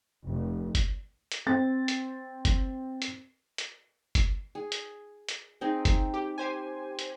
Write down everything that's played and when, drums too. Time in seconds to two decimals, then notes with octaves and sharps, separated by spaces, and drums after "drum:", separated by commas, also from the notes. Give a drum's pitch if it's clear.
0.25 F1
0.75 drum: kick F#1, hi-hat
1.32 drum: hi-hat
1.46 C4 A6
1.88 drum: hi-hat
2.45 drum: kick F#1, hi-hat
3.02 drum: hi-hat
3.58 drum: hi-hat
4.15 drum: kick F#1, hi-hat
4.55 G#4
4.72 drum: hi-hat
5.29 drum: hi-hat
5.61 C4 D#4 G#4
5.85 drum: kick F#1, hi-hat
6.14 G4
6.38 G4 C5 G#5
6.99 drum: hi-hat